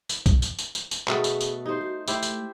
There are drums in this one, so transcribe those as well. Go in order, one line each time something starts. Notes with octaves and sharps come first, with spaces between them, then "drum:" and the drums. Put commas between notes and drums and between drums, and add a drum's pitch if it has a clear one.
drum: tambourine
drum: kick, tambourine
drum: tambourine
drum: tambourine
drum: tambourine
drum: tambourine
B2 A3 B3 G#4, drum: clap
drum: tambourine
drum: tambourine
D#4 G4 C5
F#4
A3 E4 G4 C5, drum: tambourine
drum: tambourine